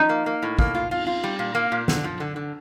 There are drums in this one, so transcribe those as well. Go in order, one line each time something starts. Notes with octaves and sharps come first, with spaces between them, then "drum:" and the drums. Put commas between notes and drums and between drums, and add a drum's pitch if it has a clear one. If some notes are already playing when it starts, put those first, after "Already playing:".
Already playing: F3 D#4
A#3
A#3
A2
A#3, drum: kick
F4
F4, drum: cymbal
F4
G3
A#2
A#3
A#2
D3, drum: snare
F3
D3
D3